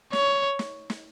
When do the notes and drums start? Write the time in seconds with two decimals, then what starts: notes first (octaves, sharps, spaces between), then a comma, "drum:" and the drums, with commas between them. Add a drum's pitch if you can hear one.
0.13 C#5, drum: snare
0.59 drum: snare
0.90 drum: snare